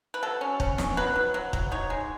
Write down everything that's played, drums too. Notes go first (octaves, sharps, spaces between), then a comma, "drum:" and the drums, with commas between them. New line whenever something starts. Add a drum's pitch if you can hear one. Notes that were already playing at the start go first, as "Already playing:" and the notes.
B4
F#3 A4
C#4
C#4, drum: kick
C#4, drum: snare
F#3 B4
F#3
F#3
F#3, drum: kick
D#4 C#5
G#3